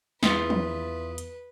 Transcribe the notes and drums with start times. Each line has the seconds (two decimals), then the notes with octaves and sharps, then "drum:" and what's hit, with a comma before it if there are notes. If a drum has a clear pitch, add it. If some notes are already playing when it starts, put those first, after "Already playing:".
0.23 E2 E4 F4 B4 D#6, drum: snare
0.50 drum: tom
1.18 drum: hi-hat